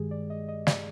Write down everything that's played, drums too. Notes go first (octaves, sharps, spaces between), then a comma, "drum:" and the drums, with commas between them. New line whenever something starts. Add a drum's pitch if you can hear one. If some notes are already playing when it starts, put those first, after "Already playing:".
Already playing: G2 D#3 G#3 G4 G#4
D5
D#5
D#5
D5, drum: snare